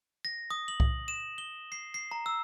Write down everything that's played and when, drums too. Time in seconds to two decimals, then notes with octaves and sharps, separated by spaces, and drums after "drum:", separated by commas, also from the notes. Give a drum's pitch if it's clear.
0.25 A#6
0.51 D#6
0.68 F#7
0.80 drum: kick C2
1.08 E7
1.38 G7
1.72 C7
1.94 C7
2.11 A#5
2.26 E6